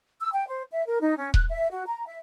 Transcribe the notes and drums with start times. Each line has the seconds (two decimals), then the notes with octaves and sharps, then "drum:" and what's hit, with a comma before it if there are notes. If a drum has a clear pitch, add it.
0.20 E6
0.33 G5
0.48 C5
0.72 E5
0.87 A#4
1.02 D#4
1.17 C#4
1.34 F#6, drum: kick D#1
1.49 E5
1.71 F#4
1.87 A#5
2.06 E5